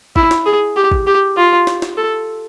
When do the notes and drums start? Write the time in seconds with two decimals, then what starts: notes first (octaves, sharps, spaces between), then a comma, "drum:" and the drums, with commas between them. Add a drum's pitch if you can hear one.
0.16 E4, drum: kick G#1
0.31 drum: snare
0.46 G#4
0.76 G4
0.92 drum: kick G#1
1.07 G4
1.37 F4
1.67 drum: snare
1.82 drum: snare
1.97 A4